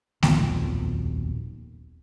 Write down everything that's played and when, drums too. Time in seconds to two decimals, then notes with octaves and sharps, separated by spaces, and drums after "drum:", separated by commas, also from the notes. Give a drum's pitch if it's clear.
0.23 D#1 B1 F2 A#2, drum: snare A3